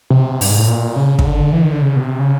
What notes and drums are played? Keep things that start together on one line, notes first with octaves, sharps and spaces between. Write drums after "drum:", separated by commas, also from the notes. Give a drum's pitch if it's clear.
C3
G2, drum: open hi-hat
G#2
A2
A#2
C#3
C#3, drum: kick
D3
E3
D#3
D3
C#3
B2
C3
C#3